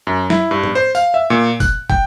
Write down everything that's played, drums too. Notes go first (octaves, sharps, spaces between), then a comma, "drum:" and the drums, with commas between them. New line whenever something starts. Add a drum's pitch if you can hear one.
F#2
E4, drum: snare F#3
G2
drum: tom A2
C5
F5, drum: tambourine
E5
A#2
F#6, drum: kick, tambourine
G5, drum: kick